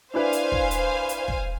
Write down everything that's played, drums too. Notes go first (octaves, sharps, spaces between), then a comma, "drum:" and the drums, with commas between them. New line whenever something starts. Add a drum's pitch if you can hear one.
D4 E4 B4 C5 F5 G#5
drum: hi-hat
drum: kick
drum: hi-hat
drum: hi-hat
drum: kick